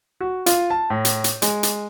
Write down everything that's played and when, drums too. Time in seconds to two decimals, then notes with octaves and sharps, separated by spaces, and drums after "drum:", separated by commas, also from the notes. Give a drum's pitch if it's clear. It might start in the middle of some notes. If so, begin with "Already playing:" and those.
0.21 F#4
0.46 F4, drum: hi-hat
0.70 A5
0.90 A2
1.05 drum: hi-hat
1.24 drum: hi-hat
1.42 G#3, drum: hi-hat
1.63 drum: hi-hat